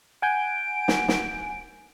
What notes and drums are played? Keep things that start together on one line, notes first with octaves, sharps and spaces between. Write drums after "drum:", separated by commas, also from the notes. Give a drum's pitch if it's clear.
F#5 G#5 G6 D7
drum: snare
drum: snare